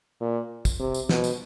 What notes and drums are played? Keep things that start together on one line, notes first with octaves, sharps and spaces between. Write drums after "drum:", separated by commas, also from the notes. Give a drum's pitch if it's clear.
A#2
drum: kick, tambourine
C3
drum: tambourine
B2, drum: snare
drum: tambourine